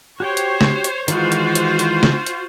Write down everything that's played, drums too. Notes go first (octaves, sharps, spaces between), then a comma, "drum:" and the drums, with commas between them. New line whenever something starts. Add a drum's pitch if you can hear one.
F#4 G4 C5 C#5 G5
drum: hi-hat
drum: snare
drum: hi-hat
D#3 E3 G#3 F4 F#4 C5, drum: hi-hat
drum: hi-hat
drum: hi-hat
drum: hi-hat
drum: snare
drum: hi-hat